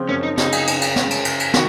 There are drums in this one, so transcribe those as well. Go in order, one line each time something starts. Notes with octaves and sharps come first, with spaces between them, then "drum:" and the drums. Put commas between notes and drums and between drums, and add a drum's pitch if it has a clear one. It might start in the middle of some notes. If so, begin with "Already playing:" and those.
Already playing: C#3 F3 C4
F#2 C#4
D#4
C#3 D#4, drum: snare
drum: cymbal
C#3, drum: cymbal
drum: cymbal
C#3, drum: snare
drum: cymbal
C#3, drum: cymbal
drum: cymbal
D#3 F#4, drum: snare